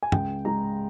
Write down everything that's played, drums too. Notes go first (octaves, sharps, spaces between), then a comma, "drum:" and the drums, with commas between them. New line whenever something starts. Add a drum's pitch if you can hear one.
G#5
C#2 G5, drum: tom
G#3 A#5